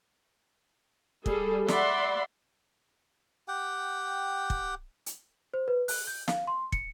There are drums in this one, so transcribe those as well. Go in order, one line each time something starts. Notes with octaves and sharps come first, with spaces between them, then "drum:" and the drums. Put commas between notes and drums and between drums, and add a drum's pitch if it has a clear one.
G3 G#4 A4, drum: kick
D5 E5 F#5 B5 C6, drum: snare
G4 F#5 G5
drum: kick
drum: hi-hat
C5
B4
F#6, drum: open hi-hat
G6
F5, drum: snare
C6
C#7, drum: kick